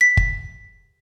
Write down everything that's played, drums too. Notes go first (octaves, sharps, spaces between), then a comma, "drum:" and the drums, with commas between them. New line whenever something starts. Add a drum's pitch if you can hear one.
B6
drum: kick